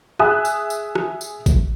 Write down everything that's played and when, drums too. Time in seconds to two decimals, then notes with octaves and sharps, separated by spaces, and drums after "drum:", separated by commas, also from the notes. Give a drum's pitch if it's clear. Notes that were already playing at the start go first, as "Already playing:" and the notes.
0.19 G#4 E5 G#5 D#6 F#6, drum: rim click
0.45 drum: tambourine
0.70 drum: tambourine
0.95 drum: rim click
1.21 drum: tambourine
1.46 drum: kick A1, tambourine